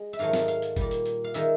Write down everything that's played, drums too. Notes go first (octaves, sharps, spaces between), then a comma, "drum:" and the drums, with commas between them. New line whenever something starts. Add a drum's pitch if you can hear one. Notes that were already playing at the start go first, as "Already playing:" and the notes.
Already playing: G#3
E5
G#2 D#3 F#3 A3 F5
F5, drum: snare
F5, drum: hi-hat
drum: hi-hat
A#2 G3, drum: kick G1, hi-hat
drum: hi-hat
drum: hi-hat
F5
D#3 G#3 E5, drum: hi-hat